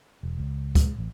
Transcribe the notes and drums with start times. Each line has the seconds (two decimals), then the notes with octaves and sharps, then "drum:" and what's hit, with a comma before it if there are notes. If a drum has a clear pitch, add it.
0.23 E1
0.39 C#2
0.75 G#3, drum: kick, hi-hat
0.98 A1